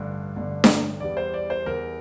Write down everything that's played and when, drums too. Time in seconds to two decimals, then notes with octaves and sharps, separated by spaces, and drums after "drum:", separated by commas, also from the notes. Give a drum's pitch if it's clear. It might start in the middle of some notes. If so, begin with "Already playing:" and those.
Already playing: A1 G2 D3
0.36 A1 G2 D3
0.64 drum: snare D4
1.00 E2 E3 G3 D5
1.17 C5
1.34 D5
1.50 C5
1.66 E2 E3 G3 A#4